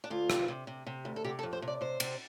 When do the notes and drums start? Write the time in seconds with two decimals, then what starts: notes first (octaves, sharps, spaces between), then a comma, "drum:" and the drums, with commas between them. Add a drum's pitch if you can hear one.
0.04 D4
0.10 D2 F4
0.30 C3, drum: rim click
0.48 C3
0.67 C3
0.87 C3
1.05 D2
1.16 A4
1.24 C3 G4
1.39 A4
1.43 F2
1.53 C5
1.62 C3
1.68 D5
1.81 C3 C5
2.00 C3, drum: cymbal